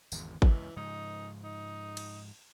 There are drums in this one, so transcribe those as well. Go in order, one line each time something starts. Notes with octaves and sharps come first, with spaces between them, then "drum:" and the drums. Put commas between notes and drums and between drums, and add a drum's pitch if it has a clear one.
G#1 E2 D3, drum: tambourine
C#2 F#2 E3, drum: kick G#1
G#2 C#3 F3 D#4
D#4
drum: cymbal